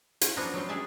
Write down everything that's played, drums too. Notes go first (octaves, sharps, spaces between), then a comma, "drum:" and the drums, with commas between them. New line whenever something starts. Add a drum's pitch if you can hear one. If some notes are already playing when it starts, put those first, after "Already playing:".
C#4, drum: hi-hat
F3 F#3 A#3 B3 D4 F#4
F#3 B3 C#4 C5
G3 D4 G#4 E5 A5